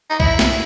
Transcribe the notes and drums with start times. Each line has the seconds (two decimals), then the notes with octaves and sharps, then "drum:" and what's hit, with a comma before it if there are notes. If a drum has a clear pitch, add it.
0.10 D#4
0.20 E4, drum: kick
0.39 drum: snare